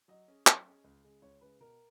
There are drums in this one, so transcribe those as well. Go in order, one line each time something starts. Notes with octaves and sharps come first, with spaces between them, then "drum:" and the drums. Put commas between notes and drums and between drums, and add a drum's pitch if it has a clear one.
F#3 D#5
C#4 G#4
F#3, drum: clap
C#4 G#4
C#2
C#3 G#3
C#2 C#5
C#3 G#3 B4
B2 A#4